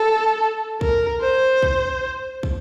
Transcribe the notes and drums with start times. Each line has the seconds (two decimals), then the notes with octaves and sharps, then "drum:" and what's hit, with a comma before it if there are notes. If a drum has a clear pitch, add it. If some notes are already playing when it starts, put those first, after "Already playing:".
Already playing: A4
0.81 A#4, drum: kick
1.22 C5
1.62 drum: kick
2.43 drum: kick